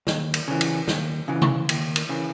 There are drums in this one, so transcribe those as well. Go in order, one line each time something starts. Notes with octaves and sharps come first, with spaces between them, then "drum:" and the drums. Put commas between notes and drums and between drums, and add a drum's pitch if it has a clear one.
D#2, drum: snare
drum: cymbal
C#3 E3
drum: cymbal
D#2, drum: snare
C#3 E3
drum: tom C3
D#2, drum: cymbal
drum: cymbal
C#3 E3